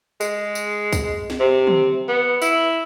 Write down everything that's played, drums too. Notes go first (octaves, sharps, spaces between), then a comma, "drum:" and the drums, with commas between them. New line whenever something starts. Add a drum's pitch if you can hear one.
G#3, drum: tambourine
drum: tambourine
drum: kick C2, tambourine
drum: snare
C3
drum: tom
B3
E4, drum: tambourine